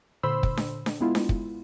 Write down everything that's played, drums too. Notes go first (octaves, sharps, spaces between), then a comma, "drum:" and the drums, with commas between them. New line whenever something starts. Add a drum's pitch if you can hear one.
A#2 D3 C5 B5 C6 E6
drum: kick
drum: snare D4
drum: snare D4
G#3 B3 E4 F4
drum: snare D4
drum: kick